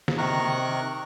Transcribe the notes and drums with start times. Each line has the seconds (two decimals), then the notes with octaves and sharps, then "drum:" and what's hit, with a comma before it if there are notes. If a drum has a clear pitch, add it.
0.08 drum: snare
0.18 C3 D#3 A#4 A#5 C#6 F#6